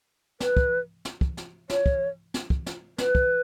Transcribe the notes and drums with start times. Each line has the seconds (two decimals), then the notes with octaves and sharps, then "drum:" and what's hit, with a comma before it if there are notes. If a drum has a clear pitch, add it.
0.40 B4, drum: snare
0.57 drum: kick
1.05 drum: snare
1.21 drum: kick
1.37 drum: snare
1.70 C#5, drum: snare
1.86 drum: kick
2.34 drum: snare
2.50 drum: kick
2.66 drum: snare
2.98 B4, drum: snare
3.15 drum: kick